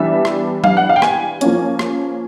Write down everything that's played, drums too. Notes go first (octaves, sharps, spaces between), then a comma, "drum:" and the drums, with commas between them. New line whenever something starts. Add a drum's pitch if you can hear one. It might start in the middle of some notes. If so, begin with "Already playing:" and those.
Already playing: E3 G3 B3 D4 E5
drum: rim click
F5, drum: tom F#3
F#5
F5
G5
G#5, drum: rim click
F3 A#3 C#4, drum: hi-hat
drum: rim click